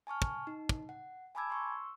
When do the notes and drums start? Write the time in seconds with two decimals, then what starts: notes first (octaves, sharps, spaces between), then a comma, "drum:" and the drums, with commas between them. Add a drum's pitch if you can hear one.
0.07 G#5 A5 C#6 F6
0.22 drum: kick
0.47 D#4
0.69 drum: kick
0.89 F#5
1.35 G#5 A5 B5 D6 E6 G#6
1.50 C6 C#6 E6